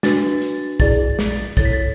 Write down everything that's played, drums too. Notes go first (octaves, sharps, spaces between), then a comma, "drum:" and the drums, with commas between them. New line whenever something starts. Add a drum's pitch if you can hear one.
D4 F#4 B4 A6, drum: snare
drum: hi-hat
E4 G#4 D5 A6, drum: kick A#1, hi-hat
drum: snare
E4 A4 C#5 A6, drum: kick A#1, hi-hat
B6
A6